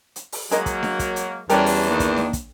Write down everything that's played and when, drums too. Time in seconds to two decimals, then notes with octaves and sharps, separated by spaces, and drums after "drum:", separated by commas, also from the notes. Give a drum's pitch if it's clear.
0.16 drum: hi-hat
0.32 drum: open hi-hat
0.51 F#3 G#3 A#3 A#4 D#5, drum: hi-hat
0.66 drum: kick, hi-hat
0.83 drum: snare D4
0.99 drum: kick, hi-hat
1.16 drum: hi-hat
1.50 E2 G3 C#4 D4 G4 A4 A#4, drum: hi-hat
1.66 drum: open hi-hat
1.90 D#3 A#3 D4
2.00 drum: kick, hi-hat
2.16 drum: snare D4
2.33 drum: kick, hi-hat